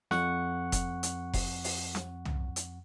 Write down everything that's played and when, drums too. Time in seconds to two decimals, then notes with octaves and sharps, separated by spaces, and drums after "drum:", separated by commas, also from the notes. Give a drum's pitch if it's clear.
0.11 F2 F#5 C#6, drum: snare
0.72 drum: kick F1, hi-hat
1.03 drum: hi-hat
1.33 drum: kick F1, open hi-hat
1.64 drum: open hi-hat
1.95 drum: snare
2.25 drum: tom C2
2.56 drum: hi-hat